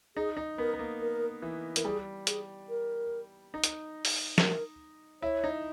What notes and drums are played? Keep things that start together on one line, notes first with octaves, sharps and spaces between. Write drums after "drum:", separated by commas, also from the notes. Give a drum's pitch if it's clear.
D#4 G#4
D#4
B3 A#4
B3
A#3
A#4
E3
E3 A#4, drum: hi-hat
G3 G#4
G#4, drum: hi-hat
A#4
D#4
drum: hi-hat
drum: open hi-hat
A#4, drum: snare
E4 C#5
D#4